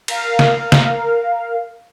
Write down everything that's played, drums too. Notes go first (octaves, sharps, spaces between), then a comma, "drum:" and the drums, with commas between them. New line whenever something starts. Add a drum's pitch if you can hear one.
A#4 F5, drum: cymbal
drum: snare
drum: snare